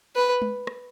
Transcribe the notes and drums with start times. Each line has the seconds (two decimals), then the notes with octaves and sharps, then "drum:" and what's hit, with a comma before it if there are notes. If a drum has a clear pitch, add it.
0.16 B4
0.42 drum: tom G#3
0.67 drum: rim click